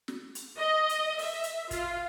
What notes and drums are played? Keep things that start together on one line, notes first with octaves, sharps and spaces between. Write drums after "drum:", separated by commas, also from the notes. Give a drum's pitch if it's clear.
drum: snare
drum: hi-hat
D#5
drum: hi-hat
E5, drum: open hi-hat
drum: hi-hat
F4, drum: kick, hi-hat